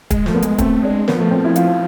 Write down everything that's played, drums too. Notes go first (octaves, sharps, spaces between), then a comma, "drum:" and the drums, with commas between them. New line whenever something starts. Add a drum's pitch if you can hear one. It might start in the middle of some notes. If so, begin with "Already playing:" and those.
G#3, drum: kick, hi-hat
F3 A3, drum: snare
B3
G#3, drum: hi-hat
A3 C4, drum: kick, hi-hat
G#3 D4
F3 B3, drum: snare
A3
C4
E4
F4, drum: hi-hat